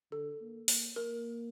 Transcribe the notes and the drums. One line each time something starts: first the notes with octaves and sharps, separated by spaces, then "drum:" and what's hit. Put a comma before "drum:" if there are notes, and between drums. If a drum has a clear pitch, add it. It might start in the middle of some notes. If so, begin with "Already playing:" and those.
D3 A4
A#3
A#3, drum: open hi-hat
A#3 A#4